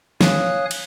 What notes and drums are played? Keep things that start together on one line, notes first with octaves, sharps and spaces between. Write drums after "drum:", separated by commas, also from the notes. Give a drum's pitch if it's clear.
C#5 F5 G#5 D#6 F#6, drum: snare
drum: cymbal